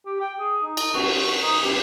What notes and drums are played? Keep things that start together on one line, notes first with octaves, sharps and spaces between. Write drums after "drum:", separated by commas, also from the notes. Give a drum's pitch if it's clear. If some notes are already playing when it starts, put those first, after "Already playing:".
G4
G5
G#4
D#4
drum: cymbal
F#4, drum: cymbal
F#4
D#4
G4, drum: cymbal